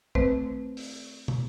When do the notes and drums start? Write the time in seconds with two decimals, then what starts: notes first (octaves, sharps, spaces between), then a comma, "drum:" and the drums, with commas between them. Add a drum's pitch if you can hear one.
0.15 D#3 A3 C4 B4 C5, drum: kick
0.77 drum: open hi-hat
1.28 drum: tom